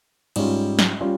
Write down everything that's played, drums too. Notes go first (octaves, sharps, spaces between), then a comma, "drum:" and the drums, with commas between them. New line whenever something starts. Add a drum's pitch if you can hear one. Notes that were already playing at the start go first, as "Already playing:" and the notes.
G#2 G3 C#4 F4, drum: cymbal
drum: snare
G3 C#4 F4